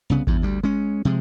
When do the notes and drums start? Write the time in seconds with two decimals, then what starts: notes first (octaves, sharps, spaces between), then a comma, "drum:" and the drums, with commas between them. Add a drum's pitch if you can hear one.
0.10 C2 C#3 B3
0.27 E2 G2, drum: kick G#1
0.42 D2 G3
0.63 G#3 C#4
1.05 C3 F3 G#3